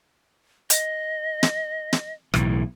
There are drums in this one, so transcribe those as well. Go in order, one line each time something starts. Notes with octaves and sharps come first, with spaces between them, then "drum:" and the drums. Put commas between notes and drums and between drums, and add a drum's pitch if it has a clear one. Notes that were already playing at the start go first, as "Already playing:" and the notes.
D#5, drum: hi-hat
drum: snare
drum: snare
B1 A2 E3, drum: rim click